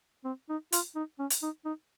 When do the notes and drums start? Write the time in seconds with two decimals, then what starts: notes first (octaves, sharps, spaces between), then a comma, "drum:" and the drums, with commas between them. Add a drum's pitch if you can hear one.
0.25 C4
0.49 D#4
0.72 F4, drum: hi-hat
0.96 D#4
1.19 C#4
1.30 drum: hi-hat
1.42 D#4
1.65 D#4